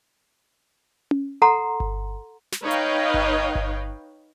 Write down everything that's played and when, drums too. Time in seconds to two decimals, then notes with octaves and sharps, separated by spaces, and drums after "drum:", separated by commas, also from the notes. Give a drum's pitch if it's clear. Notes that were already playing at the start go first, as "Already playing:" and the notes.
1.11 drum: tom C#4
1.42 A4 F#5 A#5 C6
1.80 drum: kick G1
2.52 drum: snare
2.62 D#4 B4 C#5 D#5 F5 G5
2.71 drum: hi-hat
3.14 drum: kick G1
3.55 drum: kick G1